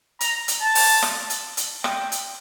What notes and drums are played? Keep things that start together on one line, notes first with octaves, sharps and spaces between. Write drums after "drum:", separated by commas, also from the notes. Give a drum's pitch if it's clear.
A#5, drum: hi-hat
drum: hi-hat
A5
drum: open hi-hat
drum: rim click
drum: hi-hat
drum: hi-hat
G5, drum: rim click
drum: hi-hat